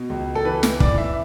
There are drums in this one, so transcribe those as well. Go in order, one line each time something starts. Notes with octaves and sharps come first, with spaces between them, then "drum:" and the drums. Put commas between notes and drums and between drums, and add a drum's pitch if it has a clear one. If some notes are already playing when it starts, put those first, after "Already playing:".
Already playing: B2
C#2
A4
E3 B4
drum: snare
E3 D5, drum: kick
E5